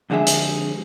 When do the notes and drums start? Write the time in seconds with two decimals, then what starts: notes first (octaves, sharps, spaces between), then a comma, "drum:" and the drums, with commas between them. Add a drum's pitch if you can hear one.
0.10 F2 D3 G#3 G#4 E5
0.27 drum: hi-hat